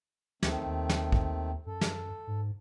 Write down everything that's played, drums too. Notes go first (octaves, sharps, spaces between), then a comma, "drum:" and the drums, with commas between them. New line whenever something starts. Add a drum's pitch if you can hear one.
D2 D#3 A3 C4, drum: snare
D#2
drum: snare
drum: kick
F#2 A4
drum: snare
G#2